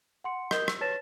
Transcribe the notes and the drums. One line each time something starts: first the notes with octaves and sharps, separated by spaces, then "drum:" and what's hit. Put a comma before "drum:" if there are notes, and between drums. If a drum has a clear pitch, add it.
F#5 C6 C#7
A#4 D#5 D#6 G6 C7 G7, drum: rim click
E6, drum: rim click
B4 C#5 A5 A6 A#6 E7